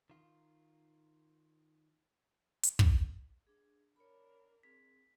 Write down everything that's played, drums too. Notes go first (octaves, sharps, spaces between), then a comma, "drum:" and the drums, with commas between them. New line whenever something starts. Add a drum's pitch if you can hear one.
D#3 F4
drum: hi-hat
drum: kick
D4 G#4
D4 A#4 C#5 B5
C4 G#4 B6